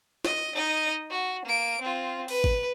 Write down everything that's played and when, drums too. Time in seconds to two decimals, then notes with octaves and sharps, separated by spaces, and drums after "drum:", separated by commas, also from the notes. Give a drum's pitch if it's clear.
0.25 D#5, drum: snare
0.55 D#4 D#5
1.10 F#4
1.46 A#3 D7
1.81 C4 F4
2.28 B4, drum: open hi-hat
2.44 drum: kick